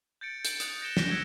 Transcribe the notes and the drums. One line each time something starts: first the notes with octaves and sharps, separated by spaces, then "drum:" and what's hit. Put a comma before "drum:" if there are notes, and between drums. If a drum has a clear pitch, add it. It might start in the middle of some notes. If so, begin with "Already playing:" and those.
G6 A6 C#7 D7
G6 D7 F#7, drum: hi-hat
D#6 F#6 G6 A6, drum: hi-hat
G6 A#6 C#7 D7 E7 G7
F#6 A#6 B6, drum: snare
E6 G6 G#6 C#7 D7